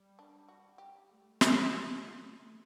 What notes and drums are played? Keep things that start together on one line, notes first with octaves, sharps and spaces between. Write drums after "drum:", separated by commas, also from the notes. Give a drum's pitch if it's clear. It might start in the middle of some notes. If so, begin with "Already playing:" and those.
Already playing: G3
D4
F#4
G4
A3
drum: snare
A3
A3